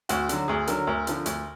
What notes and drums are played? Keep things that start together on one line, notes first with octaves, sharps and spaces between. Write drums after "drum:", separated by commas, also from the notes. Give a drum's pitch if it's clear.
D2 F#4, drum: hi-hat
D3 F#3, drum: hi-hat
D2 G#4
D3 F#3 A#4, drum: hi-hat
D2 A#4
D3 F3, drum: hi-hat
D2, drum: hi-hat